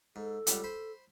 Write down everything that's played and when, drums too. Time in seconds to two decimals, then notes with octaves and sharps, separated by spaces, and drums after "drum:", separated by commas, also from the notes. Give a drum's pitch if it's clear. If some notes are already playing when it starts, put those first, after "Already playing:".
0.16 G#2 A4
0.47 C#2 G3 F#5, drum: hi-hat
0.64 C5 B5